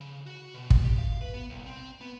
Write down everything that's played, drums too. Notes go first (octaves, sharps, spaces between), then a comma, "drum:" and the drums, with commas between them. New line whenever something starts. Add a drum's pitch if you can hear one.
C#3
F#4
B2
drum: kick
G4
F5
B4
B3
C2
C4
B3